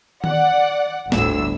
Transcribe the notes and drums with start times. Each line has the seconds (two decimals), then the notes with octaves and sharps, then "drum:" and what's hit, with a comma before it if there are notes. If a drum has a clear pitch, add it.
0.24 D5 F#5, drum: tom D#3
1.12 G1 D2 A2 E6, drum: snare